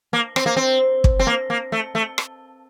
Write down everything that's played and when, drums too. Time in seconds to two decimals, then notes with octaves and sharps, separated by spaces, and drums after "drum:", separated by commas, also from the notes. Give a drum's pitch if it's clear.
0.13 A#3
0.36 C4, drum: rim click
0.46 A#3
0.57 C4
1.04 drum: kick
1.19 C4
1.27 A#3
1.50 A#3
1.72 A3
1.95 A3
2.18 drum: rim click